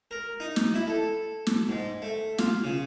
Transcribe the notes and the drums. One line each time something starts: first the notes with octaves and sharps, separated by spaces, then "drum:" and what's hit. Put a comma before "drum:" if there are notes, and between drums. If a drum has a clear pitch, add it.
A#4
D#4
drum: snare
E4
A4
drum: snare
G#2
A3
F4, drum: snare
C#3